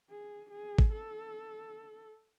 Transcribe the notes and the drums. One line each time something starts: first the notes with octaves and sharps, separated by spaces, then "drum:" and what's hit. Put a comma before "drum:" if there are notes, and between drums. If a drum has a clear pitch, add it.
G#4
G#4
drum: kick
A4